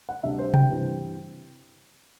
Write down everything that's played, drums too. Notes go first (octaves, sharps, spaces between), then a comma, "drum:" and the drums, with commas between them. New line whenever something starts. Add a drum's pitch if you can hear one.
F#5
D2 C3 G3 D4 E5
C5
G5, drum: tom C3
G2 E3 G3 C4 E4